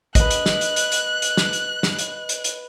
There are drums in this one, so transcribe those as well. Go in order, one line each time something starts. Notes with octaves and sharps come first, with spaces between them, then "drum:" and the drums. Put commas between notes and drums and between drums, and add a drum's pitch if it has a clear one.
B4 D#5 F#6, drum: kick, hi-hat
drum: hi-hat
drum: snare
drum: hi-hat
drum: hi-hat
drum: hi-hat
drum: hi-hat
drum: snare
drum: hi-hat
drum: snare
drum: hi-hat
drum: hi-hat
drum: hi-hat